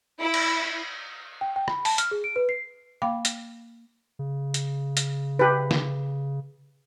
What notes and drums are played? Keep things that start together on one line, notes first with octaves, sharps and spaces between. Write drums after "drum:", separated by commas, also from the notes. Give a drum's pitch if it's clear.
E4
drum: cymbal
G5
G5
B5, drum: rim click
A5, drum: open hi-hat
F6, drum: hi-hat
G#4
D7
B4
C7
A#3 F5 G5 B5 D6
drum: hi-hat
C#3
drum: hi-hat
drum: hi-hat
G4 B4
drum: snare